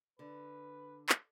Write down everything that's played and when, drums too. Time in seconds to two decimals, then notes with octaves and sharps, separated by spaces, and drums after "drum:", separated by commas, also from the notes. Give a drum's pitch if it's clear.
0.19 D3 B4
1.09 drum: clap